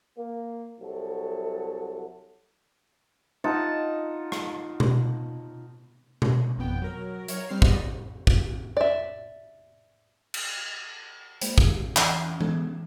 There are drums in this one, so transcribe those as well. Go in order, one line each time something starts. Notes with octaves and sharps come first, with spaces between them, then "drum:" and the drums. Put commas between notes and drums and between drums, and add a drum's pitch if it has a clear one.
A#3
C2 F#3 A4
D#4 F4 F#5 A5
drum: rim click
drum: tom B2
drum: tom B2
G#1 F2 B3 G5
F#3 A#4
A#4 C#5, drum: hi-hat
G3 C4 F6 C7
G3 B3 D5 D#5, drum: kick
drum: kick
D5 E5
drum: cymbal
G#3 A#3 C5 G5 B5, drum: hi-hat
D#3 G#3, drum: kick
E3 C#4, drum: clap
G#3 B3 C#4 A4, drum: tom E3